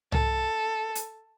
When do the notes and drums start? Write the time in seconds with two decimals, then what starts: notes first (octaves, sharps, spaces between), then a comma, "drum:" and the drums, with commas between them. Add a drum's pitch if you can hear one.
0.12 A4, drum: tom C2
0.95 drum: hi-hat